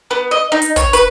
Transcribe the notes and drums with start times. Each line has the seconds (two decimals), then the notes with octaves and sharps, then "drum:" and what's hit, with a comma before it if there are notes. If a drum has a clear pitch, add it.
0.11 B3
0.31 D#5
0.52 D#4
0.62 drum: hi-hat
0.76 C#5, drum: kick, hi-hat
0.93 B4, drum: hi-hat